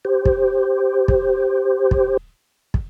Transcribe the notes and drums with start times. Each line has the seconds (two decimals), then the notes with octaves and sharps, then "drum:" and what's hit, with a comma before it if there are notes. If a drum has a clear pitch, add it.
0.05 G4 C5
0.25 drum: kick
1.08 drum: kick
1.91 drum: kick
2.74 drum: kick